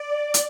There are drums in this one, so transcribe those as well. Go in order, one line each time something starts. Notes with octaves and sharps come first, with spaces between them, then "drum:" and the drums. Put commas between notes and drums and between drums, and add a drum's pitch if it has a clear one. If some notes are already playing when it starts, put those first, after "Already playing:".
Already playing: D5
drum: hi-hat